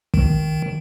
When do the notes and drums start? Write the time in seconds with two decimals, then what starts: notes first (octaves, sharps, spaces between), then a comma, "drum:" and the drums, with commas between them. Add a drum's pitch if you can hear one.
0.14 D#3, drum: kick